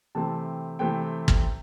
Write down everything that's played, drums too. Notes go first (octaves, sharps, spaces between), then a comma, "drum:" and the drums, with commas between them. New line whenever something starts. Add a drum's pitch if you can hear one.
C3 E3 A3 C4 A5
C3 E3 A3 C4 G5
drum: kick